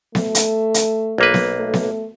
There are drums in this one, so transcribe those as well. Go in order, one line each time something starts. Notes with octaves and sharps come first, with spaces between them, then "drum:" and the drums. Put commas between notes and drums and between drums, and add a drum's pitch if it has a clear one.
A3, drum: snare B3
drum: hi-hat
drum: hi-hat
B1 A#3 B4
drum: snare B3
A3
drum: snare B3